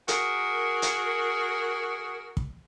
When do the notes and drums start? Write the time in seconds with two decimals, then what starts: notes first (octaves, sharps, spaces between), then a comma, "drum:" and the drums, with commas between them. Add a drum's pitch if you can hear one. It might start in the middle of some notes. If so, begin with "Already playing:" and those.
0.08 F#4 G#4 A#4, drum: hi-hat
0.82 drum: hi-hat
2.37 drum: kick